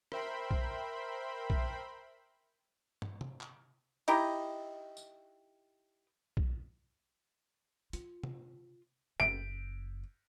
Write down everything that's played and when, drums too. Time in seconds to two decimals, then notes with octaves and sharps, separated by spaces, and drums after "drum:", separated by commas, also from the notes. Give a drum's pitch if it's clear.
0.12 A#4 C5 E5 G5 B5 C6, drum: rim click
0.51 drum: kick B1
1.50 drum: kick B1
3.02 drum: tom
3.21 drum: tom C3
3.41 drum: clap
4.08 D#4 E4 G4 D#5, drum: cymbal
4.97 drum: tambourine
6.37 drum: kick B1
7.93 F4, drum: hi-hat
8.24 drum: tom C3
9.20 F#1 D7